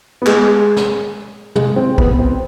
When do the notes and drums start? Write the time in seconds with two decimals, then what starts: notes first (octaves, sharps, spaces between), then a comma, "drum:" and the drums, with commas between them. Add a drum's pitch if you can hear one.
0.22 B3
0.27 G#3, drum: clap
0.77 drum: snare
1.56 G#3, drum: tom
1.76 C4
1.98 B3, drum: kick
2.19 C4